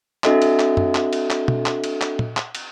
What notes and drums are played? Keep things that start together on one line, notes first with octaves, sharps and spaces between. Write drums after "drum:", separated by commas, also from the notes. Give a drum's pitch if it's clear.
C4 D4 F#4 A4 D#5 E5, drum: clap
drum: cymbal
drum: clap
drum: tom
drum: clap
drum: cymbal
drum: clap
drum: tom B2
drum: clap
drum: cymbal
drum: clap
drum: tom
drum: clap
drum: cymbal